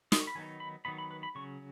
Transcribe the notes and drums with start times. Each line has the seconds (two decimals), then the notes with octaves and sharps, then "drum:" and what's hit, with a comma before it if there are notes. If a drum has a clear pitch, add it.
0.12 D#6, drum: snare
0.20 C#6
0.27 B5
0.35 D#3 F#3 B3 D#4 G#5
0.60 B5
0.85 D#3 F#3 B3 D#4 B5
0.98 B5
1.11 B4
1.23 B5
1.35 C#3 F#3 C#4 C#6